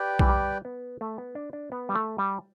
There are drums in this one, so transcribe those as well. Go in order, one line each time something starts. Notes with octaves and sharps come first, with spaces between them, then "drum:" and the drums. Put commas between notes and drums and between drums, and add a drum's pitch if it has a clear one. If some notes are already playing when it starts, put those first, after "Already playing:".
Already playing: G4 B4 D5 G5
E3, drum: kick B1
G3
B3
A3
B3
D4
D4
B3
G3
A3
G3